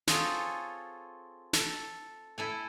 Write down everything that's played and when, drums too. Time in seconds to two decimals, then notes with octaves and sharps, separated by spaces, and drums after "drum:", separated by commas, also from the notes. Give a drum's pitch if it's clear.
0.07 C4 F4 G#4 A4 C#5 G#5, drum: snare
1.53 A4, drum: snare
2.38 E4 A4 G#5